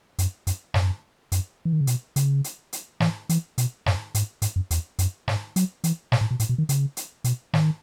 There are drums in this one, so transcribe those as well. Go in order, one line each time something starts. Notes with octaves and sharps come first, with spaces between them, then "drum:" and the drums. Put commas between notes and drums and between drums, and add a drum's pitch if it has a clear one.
F#2, drum: hi-hat
F#2, drum: hi-hat
F#2, drum: snare
F#2, drum: hi-hat
E3
D#3
C#3
B2, drum: hi-hat
C#3, drum: hi-hat
drum: hi-hat
drum: hi-hat
E3, drum: snare
E3, drum: hi-hat
B2, drum: hi-hat
F#2, drum: snare
G#2, drum: hi-hat
G#2, drum: hi-hat
F#2
E2, drum: hi-hat
F#2, drum: hi-hat
G#2, drum: snare
F#3, drum: hi-hat
E3, drum: hi-hat
B2, drum: snare
A2
B2
A2, drum: hi-hat
B2
D#3
C#3, drum: hi-hat
drum: hi-hat
B2, drum: hi-hat
D#3, drum: snare